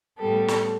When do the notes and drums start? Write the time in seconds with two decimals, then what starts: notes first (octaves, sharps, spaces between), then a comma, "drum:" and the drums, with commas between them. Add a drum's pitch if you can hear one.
0.18 A2 G3 B3 A4
0.48 drum: snare